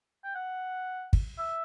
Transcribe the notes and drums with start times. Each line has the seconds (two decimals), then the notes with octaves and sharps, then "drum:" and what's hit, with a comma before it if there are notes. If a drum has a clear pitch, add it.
0.24 G5
0.35 F#5
1.13 drum: kick
1.38 E5